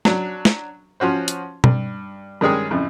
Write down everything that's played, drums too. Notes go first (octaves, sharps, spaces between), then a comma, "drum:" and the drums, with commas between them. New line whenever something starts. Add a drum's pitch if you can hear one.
F#3 D4, drum: snare
drum: snare
F3 C#4 F#4 C5
drum: hi-hat
G2, drum: tom B2
G2 D#3 G3 G#3 C#4 G#4
F2 A2 C#3